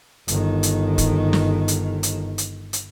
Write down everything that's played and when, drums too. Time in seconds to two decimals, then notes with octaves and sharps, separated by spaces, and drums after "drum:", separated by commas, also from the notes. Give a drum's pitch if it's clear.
0.28 G1 D#3, drum: hi-hat
0.63 drum: hi-hat
0.98 drum: kick, hi-hat
1.33 drum: snare
1.68 drum: hi-hat
2.03 drum: hi-hat
2.38 drum: hi-hat
2.73 drum: hi-hat